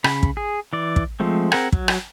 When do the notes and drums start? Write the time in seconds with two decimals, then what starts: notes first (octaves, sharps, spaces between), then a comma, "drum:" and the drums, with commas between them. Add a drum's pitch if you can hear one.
0.04 C#3 B5, drum: rim click
0.23 drum: kick
0.37 G#4
0.73 E3 D5
0.96 drum: kick
1.20 F3 G#3 A3 C4
1.52 C4 G#4 A#4 F#5 G#5, drum: rim click
1.72 F#3, drum: kick
1.88 drum: rim click